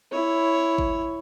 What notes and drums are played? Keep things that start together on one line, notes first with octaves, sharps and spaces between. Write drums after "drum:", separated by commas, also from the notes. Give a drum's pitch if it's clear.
E4 C#5
drum: kick